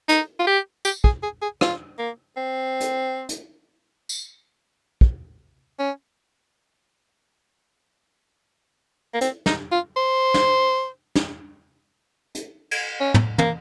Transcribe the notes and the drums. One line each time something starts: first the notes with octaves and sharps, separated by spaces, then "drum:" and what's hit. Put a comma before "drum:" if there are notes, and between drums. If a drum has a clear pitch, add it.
D#4, drum: hi-hat
F4
G4
G4, drum: tambourine
G#4, drum: kick
G#4
G#4
F4, drum: rim click
A#3
C4
drum: hi-hat
drum: hi-hat
drum: tambourine
drum: kick
C#4
A#3
C4, drum: hi-hat
D#4, drum: snare
F4
C5
drum: snare
drum: snare
drum: hi-hat
drum: cymbal
C#4
drum: tom
A#3, drum: tom